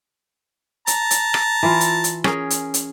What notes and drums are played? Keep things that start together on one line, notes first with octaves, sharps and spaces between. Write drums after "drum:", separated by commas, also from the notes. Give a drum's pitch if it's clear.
A5 A#5, drum: hi-hat
drum: hi-hat
drum: rim click
E3 E4 F4
drum: hi-hat
drum: hi-hat
C#4 G#4 A#4, drum: rim click
drum: hi-hat
drum: hi-hat